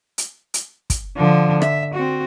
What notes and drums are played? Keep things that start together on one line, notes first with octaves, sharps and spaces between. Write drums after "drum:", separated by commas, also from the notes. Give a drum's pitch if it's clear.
drum: hi-hat
drum: hi-hat
drum: kick, hi-hat
D3 F3
E5, drum: rim click
C4 F#4